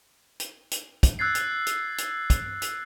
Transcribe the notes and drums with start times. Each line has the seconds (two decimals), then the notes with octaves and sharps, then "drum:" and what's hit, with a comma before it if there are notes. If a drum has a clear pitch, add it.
0.40 drum: hi-hat
0.71 drum: hi-hat
1.03 drum: kick, hi-hat
1.19 E6 F#6 G#6 A6 C7
1.35 drum: hi-hat
1.67 drum: hi-hat
1.98 drum: hi-hat
2.30 drum: kick, hi-hat
2.62 drum: hi-hat